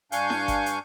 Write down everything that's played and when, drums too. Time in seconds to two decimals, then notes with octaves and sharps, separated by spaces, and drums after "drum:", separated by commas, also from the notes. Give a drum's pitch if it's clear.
0.12 G2 D4 F5 G#5 C#6 G6, drum: hi-hat
0.30 drum: snare E4
0.48 drum: kick G1, hi-hat
0.66 drum: hi-hat